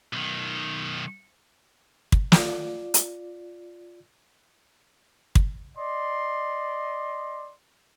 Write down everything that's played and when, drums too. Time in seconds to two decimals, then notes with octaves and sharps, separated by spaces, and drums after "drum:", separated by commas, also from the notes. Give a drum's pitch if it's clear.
0.13 B1 D#3
2.12 drum: kick
2.32 F4 D5, drum: snare
2.94 drum: hi-hat
5.35 drum: kick
5.78 D5 D#5 C6